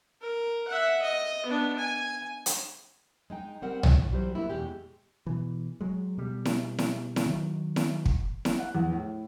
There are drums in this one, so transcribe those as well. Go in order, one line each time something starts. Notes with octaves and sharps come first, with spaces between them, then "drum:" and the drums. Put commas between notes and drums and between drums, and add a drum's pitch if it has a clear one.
A#4
E5 F#5
D#5
B3 D4
G#5
drum: hi-hat
G#3 D#4 G5
G3 C4 G4 A#4 F#5
A2, drum: tom
E3 F#3 G3 G4 C5
A#3 B3 E4
E2 B2 G#3 G4
B2 E3
F#3 G#3
B2 G3
drum: snare E4
drum: snare E4
drum: snare E4
D#3 F#3
drum: snare E4
drum: kick
drum: snare E4
F#5
E2
A2